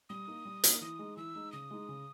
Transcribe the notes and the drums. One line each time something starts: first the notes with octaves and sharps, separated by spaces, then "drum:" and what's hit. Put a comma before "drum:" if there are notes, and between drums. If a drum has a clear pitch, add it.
G3 D#6
A#3 D#4
G3
A#3 D#4, drum: hi-hat
E3 D#6
G#3 D#4
E3 E6
G#3 D#4
C#3 D#6
G#3 D#4
C#3